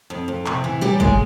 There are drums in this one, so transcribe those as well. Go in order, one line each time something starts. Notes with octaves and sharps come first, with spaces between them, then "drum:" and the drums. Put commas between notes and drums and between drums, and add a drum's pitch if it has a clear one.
F2
F2
C3, drum: clap
E3
F#3 G3 G4
A2 G#3 G#4, drum: kick